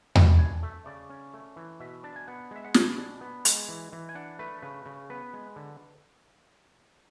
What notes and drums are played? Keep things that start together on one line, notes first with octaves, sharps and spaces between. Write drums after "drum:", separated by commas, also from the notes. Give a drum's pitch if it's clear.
B2 F#5, drum: tom E2
D4 G#5
A3 E5
C#3 D5
C#4
A3
E3
B2 E5
D4 A5
G#5
B3 F#5
G#3 E5
F#5
B2 G#5, drum: snare
D4
B3
G#3, drum: hi-hat
E3
E3
G#5
D4 F#5
A3 B4
C#3 B4
C#3
B3 B4
G#3
D3